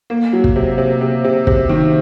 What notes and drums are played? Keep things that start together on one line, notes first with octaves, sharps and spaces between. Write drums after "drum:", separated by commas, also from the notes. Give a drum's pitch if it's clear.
A#3
F#3
drum: kick
C3
C3
C3
C3
C3, drum: kick
D#3